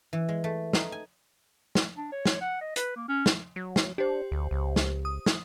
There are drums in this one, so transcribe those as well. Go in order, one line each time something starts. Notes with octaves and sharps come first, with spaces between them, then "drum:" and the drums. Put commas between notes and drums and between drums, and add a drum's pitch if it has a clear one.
E3
G#3
A3
D#4, drum: snare
G#5
drum: snare
D4
C#5
drum: snare
F#5
D#5
B4, drum: hi-hat
A#3
C#4
drum: snare
F#3
drum: snare
D4 G4 C5
D2
C#2
drum: snare
D#6
drum: snare